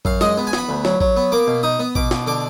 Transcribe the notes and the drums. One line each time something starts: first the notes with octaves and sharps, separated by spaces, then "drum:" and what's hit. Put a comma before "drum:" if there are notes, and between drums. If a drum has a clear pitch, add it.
F#2 F5, drum: kick
G#3 D#5, drum: snare
B3
G#5
B3 B5, drum: snare
D2
F#3, drum: snare
F#3, drum: kick
B3
A#3 D6
B2
D#4 D#6
B3
B2 D6, drum: kick
B2, drum: snare
D3 D6